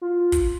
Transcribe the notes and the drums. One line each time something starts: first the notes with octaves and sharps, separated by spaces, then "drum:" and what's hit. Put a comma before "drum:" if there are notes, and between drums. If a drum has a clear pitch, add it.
F4
drum: kick, hi-hat